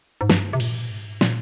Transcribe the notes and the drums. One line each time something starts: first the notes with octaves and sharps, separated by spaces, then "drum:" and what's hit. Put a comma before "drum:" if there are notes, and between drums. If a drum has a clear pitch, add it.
G#2
G2, drum: snare
C3
A#2, drum: cymbal
G#2
A#2, drum: snare